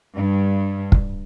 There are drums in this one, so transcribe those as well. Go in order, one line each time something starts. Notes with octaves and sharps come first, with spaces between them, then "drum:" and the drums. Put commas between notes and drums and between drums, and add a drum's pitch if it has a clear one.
G2
drum: kick